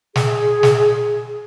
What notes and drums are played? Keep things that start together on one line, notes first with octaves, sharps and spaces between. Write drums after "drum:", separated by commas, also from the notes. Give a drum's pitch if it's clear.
G#4, drum: snare
drum: snare